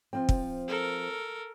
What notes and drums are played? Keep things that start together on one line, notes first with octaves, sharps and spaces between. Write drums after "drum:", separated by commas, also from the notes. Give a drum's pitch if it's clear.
F3 C4
drum: kick
A4 A#4